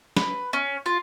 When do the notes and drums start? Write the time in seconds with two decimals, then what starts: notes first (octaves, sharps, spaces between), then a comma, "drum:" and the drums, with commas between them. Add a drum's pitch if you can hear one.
0.17 B4, drum: snare
0.53 C#4
0.86 F4